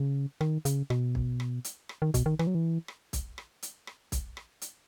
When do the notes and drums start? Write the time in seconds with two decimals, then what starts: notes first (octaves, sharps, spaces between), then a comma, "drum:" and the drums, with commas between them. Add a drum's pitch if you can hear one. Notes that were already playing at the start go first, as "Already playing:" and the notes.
Already playing: C#3
0.41 D#3, drum: rim click
0.65 C#3, drum: hi-hat
0.90 B2, drum: rim click
1.15 drum: kick
1.40 drum: rim click
1.64 drum: hi-hat
1.89 drum: rim click
2.02 D#3
2.14 B2, drum: kick, hi-hat
2.26 D#3
2.39 E3, drum: rim click
2.47 F#3
2.55 E3
2.88 drum: rim click
3.13 drum: kick, hi-hat
3.38 drum: rim click
3.63 drum: hi-hat
3.87 drum: rim click
4.12 drum: kick, hi-hat
4.37 drum: rim click
4.62 drum: hi-hat